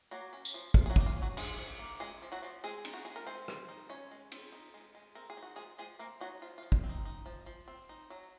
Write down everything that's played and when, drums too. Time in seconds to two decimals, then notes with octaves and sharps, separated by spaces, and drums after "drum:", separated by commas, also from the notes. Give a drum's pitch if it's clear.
0.11 F#3 A#3 F#4
0.33 C#4
0.45 drum: tambourine
0.54 F3
0.74 F3, drum: kick
0.86 G#4
0.90 F#3 F#4
0.96 A#3 D#4, drum: kick
1.06 F4
1.16 C#4
1.22 F#3 F#4
1.37 F3 G#3 G#4, drum: cymbal
1.59 F3
1.79 A#3
2.00 G#3 C#4 G#4
2.22 F3
2.32 F#3 F#4
2.42 F3
2.64 G#3 C4 G#4
2.85 D#4, drum: cymbal
2.94 F#4
3.05 G#3 G#4
3.16 A#4
3.26 G#3 C4 C5
3.48 C4, drum: rim click
3.69 D#4
3.89 G#3 C#4 C#5
4.11 G#3
4.32 C4, drum: cymbal
4.52 D#4
4.74 G#3
4.95 G#3
5.15 C4 A#4
5.30 G#4
5.37 D#4
5.43 F#4
5.56 F3 G#3 G#4
5.78 F3 G#3 G#4
5.99 A#3 C4 A#4
6.20 F#3 D#4 F#4
6.42 F3 F4
6.58 F4
6.63 F3
6.72 drum: kick
6.84 C4
6.89 D#4
7.05 D#4
7.26 F3
7.46 F3
7.68 C4
7.89 D#4
8.10 F#3